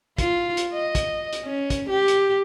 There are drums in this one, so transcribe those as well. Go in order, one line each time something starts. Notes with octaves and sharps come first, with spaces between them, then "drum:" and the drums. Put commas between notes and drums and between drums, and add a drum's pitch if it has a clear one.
F4, drum: kick, hi-hat
drum: hi-hat
D#5
drum: kick, hi-hat
drum: hi-hat
C#4
drum: kick, hi-hat
G4
drum: hi-hat